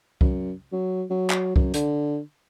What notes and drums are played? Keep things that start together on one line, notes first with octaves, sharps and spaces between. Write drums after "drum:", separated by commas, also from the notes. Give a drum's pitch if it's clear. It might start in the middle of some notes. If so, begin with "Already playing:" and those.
F#2, drum: kick C2
F#3
F#3
drum: clap
F#2, drum: kick C2
D3, drum: hi-hat